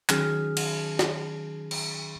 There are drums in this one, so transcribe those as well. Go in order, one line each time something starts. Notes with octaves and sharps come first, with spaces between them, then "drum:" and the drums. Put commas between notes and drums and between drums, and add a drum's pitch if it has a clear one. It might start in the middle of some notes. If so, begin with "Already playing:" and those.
D#3 F#3 C#4 G#4 F6, drum: clap
drum: cymbal
drum: snare
drum: cymbal